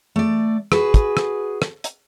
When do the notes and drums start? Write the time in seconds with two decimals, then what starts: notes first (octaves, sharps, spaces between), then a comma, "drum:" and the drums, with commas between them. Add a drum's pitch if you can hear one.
0.16 A3 D5
0.72 F#4 G#4 B4, drum: rim click
0.94 drum: kick, hi-hat
1.17 drum: rim click
1.62 drum: rim click
1.84 drum: hi-hat